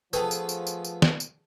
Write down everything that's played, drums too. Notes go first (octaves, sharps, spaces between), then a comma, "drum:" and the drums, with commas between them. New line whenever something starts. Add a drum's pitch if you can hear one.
F3 A3 B3 G#4 B4 G5 A5, drum: tambourine
drum: tambourine
drum: tambourine
drum: tambourine
drum: tambourine
drum: snare
drum: tambourine